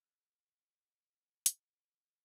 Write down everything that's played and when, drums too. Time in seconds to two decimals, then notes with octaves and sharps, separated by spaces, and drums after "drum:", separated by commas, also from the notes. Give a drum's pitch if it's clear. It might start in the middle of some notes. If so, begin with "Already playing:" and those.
0.01 G#4 F5 E6 F#6
1.46 drum: hi-hat